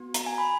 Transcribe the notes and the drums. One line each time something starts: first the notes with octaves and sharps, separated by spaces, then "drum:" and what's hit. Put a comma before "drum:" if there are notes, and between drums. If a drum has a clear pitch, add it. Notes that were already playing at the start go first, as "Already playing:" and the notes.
Already playing: B3 F#4
A#5, drum: hi-hat
G#5
B5